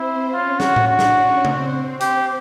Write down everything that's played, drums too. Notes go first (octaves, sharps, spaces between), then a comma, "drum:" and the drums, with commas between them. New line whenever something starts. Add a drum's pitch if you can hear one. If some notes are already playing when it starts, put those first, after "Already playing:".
Already playing: C4 E4 C5
C#4 F4 C#5
C#4 F#4 C#5, drum: snare
drum: tom A2
D4 F#4 D5
drum: snare
C#4 C#5
C4 C5, drum: tom C#3
C4 C5
C4 G4 C5, drum: hi-hat